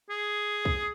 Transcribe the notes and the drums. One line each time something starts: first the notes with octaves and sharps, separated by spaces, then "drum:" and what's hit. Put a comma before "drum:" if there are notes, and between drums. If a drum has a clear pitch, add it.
G#4
drum: kick